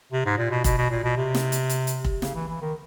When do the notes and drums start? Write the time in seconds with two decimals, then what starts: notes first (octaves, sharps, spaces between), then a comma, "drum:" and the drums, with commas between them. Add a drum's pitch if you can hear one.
0.12 C3
0.26 G#2
0.38 A#2
0.51 B2
0.64 B2, drum: kick, hi-hat
0.78 B2
0.91 A#2
1.04 B2
1.17 C3
1.35 drum: snare
1.52 drum: hi-hat
1.70 drum: hi-hat
1.87 drum: hi-hat
2.05 drum: kick
2.22 C#3, drum: snare
2.35 E3
2.48 E3
2.61 D#3